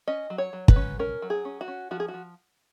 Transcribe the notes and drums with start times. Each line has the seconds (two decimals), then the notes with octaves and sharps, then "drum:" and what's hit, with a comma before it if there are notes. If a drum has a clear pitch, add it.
0.08 C#4 D#5
0.30 F#3
0.38 C#5
0.53 F#3
0.68 B4, drum: kick
0.76 C#4
0.99 C#4 A#4
1.22 F#3
1.30 G#4
1.45 C#4
1.61 F#4
1.68 C#4
1.91 F3 F#4
2.00 G#4
2.08 F#4
2.14 F3